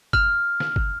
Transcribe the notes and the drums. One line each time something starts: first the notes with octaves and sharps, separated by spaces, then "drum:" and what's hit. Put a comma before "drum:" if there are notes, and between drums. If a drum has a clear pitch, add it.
F6, drum: kick
drum: snare
drum: kick